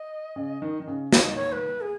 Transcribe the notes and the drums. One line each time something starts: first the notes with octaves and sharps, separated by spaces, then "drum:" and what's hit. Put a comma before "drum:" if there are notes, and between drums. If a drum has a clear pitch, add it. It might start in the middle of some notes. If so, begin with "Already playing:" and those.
Already playing: D#5
C#3
D#3
D#3
C#3
D#3 C#5, drum: snare
D#5
C#5
B4
G#4